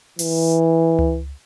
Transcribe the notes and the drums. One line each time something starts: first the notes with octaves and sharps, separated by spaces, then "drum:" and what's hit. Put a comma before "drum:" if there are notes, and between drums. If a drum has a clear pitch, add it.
E3, drum: open hi-hat
drum: tom C#2